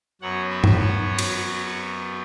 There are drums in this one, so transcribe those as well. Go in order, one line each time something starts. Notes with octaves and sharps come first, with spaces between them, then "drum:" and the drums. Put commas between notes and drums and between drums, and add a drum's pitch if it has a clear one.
F#2 F#3 B3 C#5 F#5
B4 E5
drum: tom G2
C#5 F#5
drum: cymbal
C#5 F#5